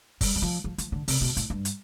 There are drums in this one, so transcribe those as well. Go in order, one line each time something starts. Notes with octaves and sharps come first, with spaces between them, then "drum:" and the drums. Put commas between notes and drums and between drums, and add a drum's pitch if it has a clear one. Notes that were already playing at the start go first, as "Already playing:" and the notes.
G3, drum: kick F#1, open hi-hat
G3
F3
F3
F3, drum: hi-hat
D3
C3, drum: open hi-hat
B2
A2, drum: hi-hat
G2
drum: hi-hat